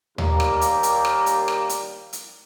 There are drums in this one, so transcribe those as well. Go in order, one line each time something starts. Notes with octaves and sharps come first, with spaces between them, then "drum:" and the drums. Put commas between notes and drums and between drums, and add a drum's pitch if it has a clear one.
D#2 G3 A#3, drum: tom D#2
drum: rim click
drum: hi-hat
drum: hi-hat
drum: rim click
drum: hi-hat
drum: rim click
drum: hi-hat
drum: hi-hat